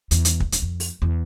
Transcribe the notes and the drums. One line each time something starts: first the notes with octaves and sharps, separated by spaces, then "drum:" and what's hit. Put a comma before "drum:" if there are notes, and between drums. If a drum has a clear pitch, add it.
E2, drum: hi-hat
drum: hi-hat
D1, drum: kick
drum: hi-hat
F2
drum: open hi-hat
E2